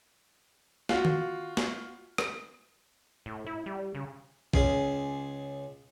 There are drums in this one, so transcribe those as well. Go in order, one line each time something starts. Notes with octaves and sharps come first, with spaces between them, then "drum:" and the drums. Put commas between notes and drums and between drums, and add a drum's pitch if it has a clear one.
F4 F#4, drum: snare
drum: tom D#3
drum: snare
drum: rim click
A2
E4
G3
C#3
C#2 C#4 G#4, drum: kick